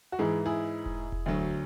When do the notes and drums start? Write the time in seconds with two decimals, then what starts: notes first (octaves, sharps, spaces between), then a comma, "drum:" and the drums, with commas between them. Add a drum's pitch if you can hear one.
0.12 F#4
0.19 G#2 E3 G#3 E4 G#4
0.46 E4 G#4
0.86 drum: kick E1
1.12 drum: kick E1
1.26 D2 D3 F#3